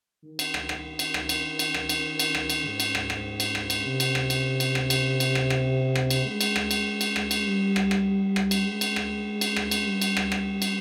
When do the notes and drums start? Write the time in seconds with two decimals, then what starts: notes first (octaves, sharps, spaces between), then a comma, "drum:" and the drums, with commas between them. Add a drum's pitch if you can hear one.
0.24 D#3
0.39 drum: cymbal
0.54 drum: rim click
0.69 drum: rim click
0.99 drum: cymbal
1.14 drum: rim click
1.29 drum: cymbal
1.59 drum: cymbal
1.74 drum: rim click
1.89 drum: cymbal
2.19 drum: cymbal
2.35 drum: rim click
2.50 drum: cymbal
2.65 G#2
2.80 drum: cymbal
2.95 drum: rim click
3.10 drum: rim click
3.40 drum: cymbal
3.55 drum: rim click
3.70 drum: cymbal
3.85 C3
4.00 drum: cymbal
4.15 drum: rim click
4.30 drum: cymbal
4.60 drum: cymbal
4.75 drum: rim click
4.90 drum: cymbal
5.20 drum: cymbal
5.35 drum: rim click
5.50 drum: rim click
5.95 drum: rim click
6.10 drum: cymbal
6.26 G#3
6.41 drum: cymbal
6.56 drum: rim click
6.71 drum: cymbal
7.01 drum: cymbal
7.16 drum: rim click
7.31 drum: cymbal
7.46 G3
7.76 drum: rim click
7.91 drum: rim click
8.36 drum: rim click
8.51 drum: cymbal
8.66 G#3
8.81 drum: cymbal
8.96 drum: rim click
9.41 drum: cymbal
9.56 drum: rim click
9.71 drum: cymbal
9.87 G3
10.02 drum: cymbal
10.17 drum: rim click
10.32 drum: rim click
10.62 drum: cymbal